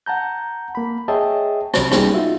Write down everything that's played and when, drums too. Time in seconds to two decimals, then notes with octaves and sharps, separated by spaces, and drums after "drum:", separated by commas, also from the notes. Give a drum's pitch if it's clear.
0.06 F#5 A5 A#5 G6
0.75 A#3 B5
1.08 G#4 C#5 D#5 E5 G5 A5
1.74 C2 C3 F#3 C5, drum: rim click
1.91 G3 A#3 B3 C#4 D#4 G#4, drum: rim click
2.14 D#4 F4 F#4 E5